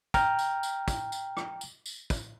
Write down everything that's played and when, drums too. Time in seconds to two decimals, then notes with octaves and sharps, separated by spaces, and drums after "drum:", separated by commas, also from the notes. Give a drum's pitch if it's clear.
0.14 G5 A#5 F6, drum: kick, tambourine
0.39 drum: tambourine
0.63 drum: tambourine
0.88 drum: kick, tambourine
1.12 drum: tambourine
1.37 drum: rim click
1.61 drum: tambourine
1.86 drum: tambourine
2.10 drum: kick, tambourine